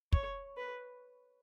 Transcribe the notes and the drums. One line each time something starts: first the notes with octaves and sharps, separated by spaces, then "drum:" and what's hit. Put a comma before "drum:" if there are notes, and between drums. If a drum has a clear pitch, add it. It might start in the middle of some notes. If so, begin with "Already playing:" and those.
C#5, drum: kick
B4